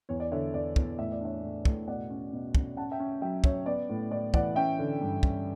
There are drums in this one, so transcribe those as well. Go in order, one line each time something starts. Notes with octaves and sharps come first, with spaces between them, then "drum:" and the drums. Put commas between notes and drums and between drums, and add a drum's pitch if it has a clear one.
E2 C#5
D5
D3 C#5 E5
E2 D5
E2, drum: kick
A2 E5
D5
D4 C#5 E5
A2
A2, drum: kick
B2 D5 F#5
C#4
B2
C#4, drum: kick
C#4 F#5 A5
E5 G5
C#4
F#3 E5 G5
C#4 C#5 E5, drum: kick
B3 D5
A2
A2 D5
E3 D5 F#5, drum: kick
C#4 E5 G5
D3
G2
C#4, drum: kick